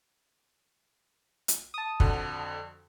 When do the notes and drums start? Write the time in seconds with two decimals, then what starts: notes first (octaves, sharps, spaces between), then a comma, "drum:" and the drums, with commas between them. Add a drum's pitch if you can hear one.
1.48 drum: hi-hat
1.74 A5 D#6
2.00 F2 D3 F#4, drum: kick